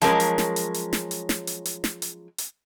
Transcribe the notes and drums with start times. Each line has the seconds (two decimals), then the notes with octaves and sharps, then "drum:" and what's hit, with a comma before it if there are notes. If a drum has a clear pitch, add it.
0.02 F3 F#3 G#3 C#4 A#4, drum: hi-hat
0.20 drum: hi-hat
0.38 drum: snare
0.56 drum: hi-hat
0.74 drum: hi-hat
0.93 drum: snare
1.11 drum: hi-hat
1.29 drum: snare
1.47 drum: hi-hat
1.65 drum: hi-hat
1.84 drum: snare
2.02 drum: hi-hat
2.38 drum: hi-hat